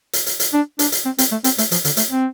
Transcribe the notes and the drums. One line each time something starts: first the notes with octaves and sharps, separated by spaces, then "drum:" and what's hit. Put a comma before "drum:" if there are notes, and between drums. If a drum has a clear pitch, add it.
drum: hi-hat
drum: hi-hat
drum: hi-hat
D4
D4, drum: hi-hat
drum: hi-hat
C4
C4, drum: hi-hat
A3
C4, drum: hi-hat
A3, drum: hi-hat
F3, drum: hi-hat
D3, drum: hi-hat
A3, drum: hi-hat
C4